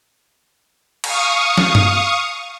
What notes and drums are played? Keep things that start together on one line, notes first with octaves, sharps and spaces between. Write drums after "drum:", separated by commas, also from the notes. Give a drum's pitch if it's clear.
F5 C#6 D#6, drum: cymbal
drum: snare
drum: tom G2